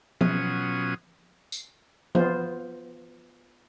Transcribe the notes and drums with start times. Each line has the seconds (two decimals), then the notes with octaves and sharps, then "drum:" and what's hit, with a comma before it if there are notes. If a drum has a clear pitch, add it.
0.21 B2 F#3 C#4 F4 D#6, drum: tom F3
1.52 drum: tambourine
2.15 B3 F4 C5, drum: tom F3